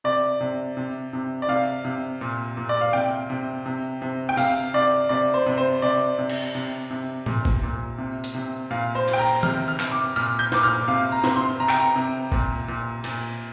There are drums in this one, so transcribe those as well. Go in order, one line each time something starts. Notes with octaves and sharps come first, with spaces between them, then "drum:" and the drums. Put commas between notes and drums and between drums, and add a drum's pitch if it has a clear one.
C3 D5
C3
C3
C3
D5
C3 F5
C3
A#2
A#2
D5
F5
C3 G5
C3
C3
C3
G5
C3 F5, drum: open hi-hat
C3 D5
C3 D5
C5
C3
C5
C3 D5
C3
drum: cymbal
C3
C3
A#2, drum: tom G#2
drum: kick F#1
A#2
C3
drum: hi-hat
C3
A#2 F5
C5
A#2, drum: cymbal
G5
A#5
C3 F6, drum: tom D#3
F6
C3, drum: clap
D6
A#2 F6, drum: hi-hat
G6
A#2 D6, drum: snare
F6
C3 F5
A#5
C3, drum: snare
C6
C3 A#5
G5, drum: clap
A#5
C3
A#2, drum: kick F#1
A#2
A#2, drum: cymbal